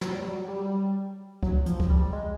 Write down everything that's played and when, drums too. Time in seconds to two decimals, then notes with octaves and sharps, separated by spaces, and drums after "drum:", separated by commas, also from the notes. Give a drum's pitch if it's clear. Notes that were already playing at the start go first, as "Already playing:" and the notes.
0.01 F#3, drum: snare
0.15 G3
0.28 F#3
0.48 G3
1.43 F#3, drum: kick C#2
1.66 F3, drum: hi-hat
1.80 drum: kick C#2
1.90 G3
2.13 G#3